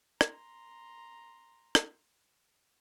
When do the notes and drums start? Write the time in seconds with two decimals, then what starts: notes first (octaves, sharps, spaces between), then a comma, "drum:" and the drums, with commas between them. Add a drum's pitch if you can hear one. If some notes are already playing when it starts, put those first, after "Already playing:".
0.21 A#5 C6, drum: rim click
1.75 drum: rim click